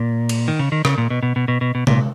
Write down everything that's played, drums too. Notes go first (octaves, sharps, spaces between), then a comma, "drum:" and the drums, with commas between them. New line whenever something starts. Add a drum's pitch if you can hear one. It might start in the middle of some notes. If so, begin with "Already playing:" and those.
Already playing: A#2
drum: cymbal
D#3
C#3
D#3
C#3, drum: rim click
A#2
B2
B2
B2
B2
B2
B2
A#2, drum: tom C3